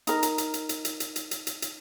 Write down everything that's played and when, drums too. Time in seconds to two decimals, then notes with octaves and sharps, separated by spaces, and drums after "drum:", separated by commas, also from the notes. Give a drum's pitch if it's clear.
0.07 D#4 A#4, drum: hi-hat
0.23 drum: hi-hat
0.38 drum: hi-hat
0.54 drum: hi-hat
0.69 drum: hi-hat
0.85 drum: hi-hat
1.00 drum: hi-hat
1.16 drum: hi-hat
1.31 drum: hi-hat
1.47 drum: hi-hat
1.62 drum: hi-hat